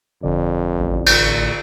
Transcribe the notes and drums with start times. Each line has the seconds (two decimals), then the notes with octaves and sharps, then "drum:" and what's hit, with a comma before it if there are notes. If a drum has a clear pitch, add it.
0.23 G1 F2 D3 D5
0.80 A1
1.06 drum: cymbal